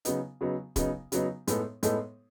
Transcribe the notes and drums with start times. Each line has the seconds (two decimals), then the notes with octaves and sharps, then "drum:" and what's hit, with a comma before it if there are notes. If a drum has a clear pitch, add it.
0.05 C#3 F#3 B3 D#4, drum: hi-hat
0.41 C#3 F#3 B3 D#4
0.76 C#3 F#3 B3 D#4, drum: kick, hi-hat
1.12 C#3 F#3 B3 D#4, drum: hi-hat
1.47 A2 G#3 B3 D#4 A4, drum: hi-hat
1.83 A2 G#3 B3 D#4 A4, drum: hi-hat